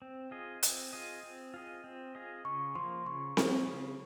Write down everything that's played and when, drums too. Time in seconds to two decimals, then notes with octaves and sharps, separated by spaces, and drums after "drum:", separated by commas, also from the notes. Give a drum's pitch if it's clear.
0.02 C4
0.31 F4 G#4 D#5
0.63 C4, drum: hi-hat
0.93 F4 G#4 D#5
1.23 C4
1.54 F4 G#4 D#5
1.84 C4
2.15 F4 G#4 D#5
2.45 C#3 C#6
2.75 F3 A#3 C6
3.06 C#3 C#6
3.37 F3 A#3, drum: snare C4
3.67 C#3